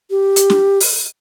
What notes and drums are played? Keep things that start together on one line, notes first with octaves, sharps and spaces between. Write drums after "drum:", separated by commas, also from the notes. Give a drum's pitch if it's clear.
G4
drum: hi-hat
drum: snare
drum: open hi-hat